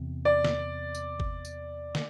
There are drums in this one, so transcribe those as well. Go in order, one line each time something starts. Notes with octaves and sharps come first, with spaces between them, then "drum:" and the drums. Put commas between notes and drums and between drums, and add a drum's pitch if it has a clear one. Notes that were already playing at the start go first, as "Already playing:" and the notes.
Already playing: E2 C3
D5
drum: snare
drum: tambourine
drum: kick
drum: tambourine
drum: snare